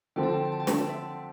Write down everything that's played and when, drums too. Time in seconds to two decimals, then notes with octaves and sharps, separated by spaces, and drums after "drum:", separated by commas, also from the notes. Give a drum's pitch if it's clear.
0.16 D3 F3 C4 G5
0.23 A5
0.30 G5
0.37 A5
0.45 G5
0.52 A5
0.60 G5
0.67 A5, drum: snare
0.73 G5
0.89 E5
1.08 G5